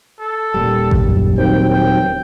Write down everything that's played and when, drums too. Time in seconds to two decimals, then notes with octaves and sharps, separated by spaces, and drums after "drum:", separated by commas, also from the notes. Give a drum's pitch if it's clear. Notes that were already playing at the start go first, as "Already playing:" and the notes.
0.19 A4
0.54 D#1 A#2 G3
0.91 drum: kick A1
1.05 F#2
1.38 D#3 F#3 C4 G5
1.69 G5